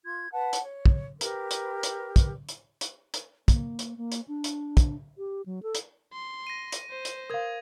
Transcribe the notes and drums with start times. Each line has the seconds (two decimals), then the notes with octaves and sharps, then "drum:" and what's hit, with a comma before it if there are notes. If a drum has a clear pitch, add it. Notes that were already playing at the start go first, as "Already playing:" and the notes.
0.05 F4 C6 G#6
0.32 B4 F#5 A5
0.53 drum: hi-hat
0.63 C#5
0.86 drum: kick
1.21 G4 A#4 B4, drum: hi-hat
1.51 drum: hi-hat
1.83 drum: hi-hat
2.16 drum: kick, hi-hat
2.49 drum: hi-hat
2.81 drum: hi-hat
3.14 drum: hi-hat
3.48 A#3, drum: kick, hi-hat
3.79 drum: hi-hat
3.97 A#3
4.12 drum: hi-hat
4.28 D4
4.44 drum: hi-hat
4.77 drum: kick, hi-hat
5.18 G4
5.46 F#3
5.63 A4
5.75 drum: hi-hat
6.13 C6
6.47 A#6 D#7
6.72 drum: hi-hat
6.90 C5
7.05 drum: hi-hat
7.30 A#4 F5 D#6 G#6